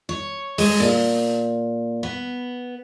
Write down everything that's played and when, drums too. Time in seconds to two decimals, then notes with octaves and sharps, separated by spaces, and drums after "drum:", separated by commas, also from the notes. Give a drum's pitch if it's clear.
0.09 C#5
0.58 G#3, drum: open hi-hat
0.80 A#2
2.03 B3